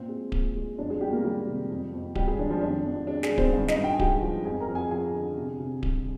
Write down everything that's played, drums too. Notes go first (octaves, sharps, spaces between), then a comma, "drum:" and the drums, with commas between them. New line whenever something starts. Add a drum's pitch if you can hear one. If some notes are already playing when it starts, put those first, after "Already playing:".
Already playing: A#2 C4
G#3
A#2, drum: kick D1
G#3
F2 D4
G#3 G#4
F2 G3 G4
A#3 A#4
D#3 G3 G4
C3
F2
F2
G3 G4, drum: kick D1
G#3 G#4
D#3 D4
F3 F4
F2 D4
F2
G#3 D4
G#3 G#4, drum: snare
D#3
C4 C5, drum: kick D1
G2
D#4 D#5, drum: snare
G2
G5
G#5
G#3 G4 G5, drum: kick D1
F3
F2 G#4 G#5
A#4 A#5
F2
G#4 G#5
F3 G#4 G#5
D3
C3
C3
G3, drum: kick D1